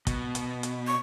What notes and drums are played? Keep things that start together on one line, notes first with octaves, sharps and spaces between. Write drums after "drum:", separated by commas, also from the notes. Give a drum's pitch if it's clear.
B2, drum: kick, hi-hat
drum: hi-hat
drum: hi-hat
C#6